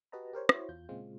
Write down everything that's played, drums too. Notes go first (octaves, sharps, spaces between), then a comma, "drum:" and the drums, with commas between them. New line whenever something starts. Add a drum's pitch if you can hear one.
F#4 G4 B4 D#5 A5 A#5
G4 A#4 C5 C#5
E4 F#4 C5 C#5, drum: rim click
E2 F4 G6
A#2 C#3 G#3 C4 F4